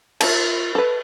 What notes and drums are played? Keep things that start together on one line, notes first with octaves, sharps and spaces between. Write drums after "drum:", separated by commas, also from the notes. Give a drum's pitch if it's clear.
F4 A#4 A5, drum: cymbal
A4 B4